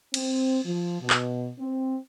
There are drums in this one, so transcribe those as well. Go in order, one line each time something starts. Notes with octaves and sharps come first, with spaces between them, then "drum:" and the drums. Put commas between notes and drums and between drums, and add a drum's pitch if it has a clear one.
C4, drum: cymbal
F3
B2
drum: clap
C4